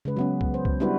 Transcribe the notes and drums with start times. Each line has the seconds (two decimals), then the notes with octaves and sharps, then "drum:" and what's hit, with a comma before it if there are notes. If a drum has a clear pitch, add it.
0.05 C#3 G#3 B4
0.17 F#3 B3 C#4
0.41 drum: kick C2
0.54 C5
0.65 drum: kick C2
0.80 G3 B3 D4 E4 F#4 B4